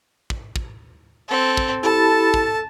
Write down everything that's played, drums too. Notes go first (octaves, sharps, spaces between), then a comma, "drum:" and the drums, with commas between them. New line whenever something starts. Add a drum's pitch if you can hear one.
drum: kick
drum: kick
C4 A4
drum: kick
E4 G4 A4 A5 B5
drum: kick